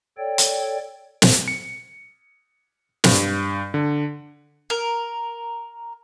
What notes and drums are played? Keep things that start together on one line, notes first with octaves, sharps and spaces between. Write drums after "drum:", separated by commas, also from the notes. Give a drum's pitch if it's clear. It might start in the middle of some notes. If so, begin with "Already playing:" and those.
A4 C#5 D5 G5
drum: hi-hat
drum: snare
C#7
G2, drum: snare
D3
A#4